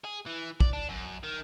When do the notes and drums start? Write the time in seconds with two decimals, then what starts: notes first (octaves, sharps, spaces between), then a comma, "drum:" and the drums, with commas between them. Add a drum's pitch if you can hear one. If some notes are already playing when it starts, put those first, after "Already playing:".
0.04 G#4
0.26 E3
0.61 D5, drum: kick
0.73 D4
0.89 F#2
1.24 D#3